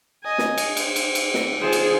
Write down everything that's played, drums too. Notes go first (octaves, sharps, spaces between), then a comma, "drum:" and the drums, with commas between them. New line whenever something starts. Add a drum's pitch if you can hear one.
D#5 G#5
drum: snare
drum: cymbal
C5, drum: cymbal
drum: cymbal
drum: cymbal
drum: snare
F4 G#4 C5
drum: cymbal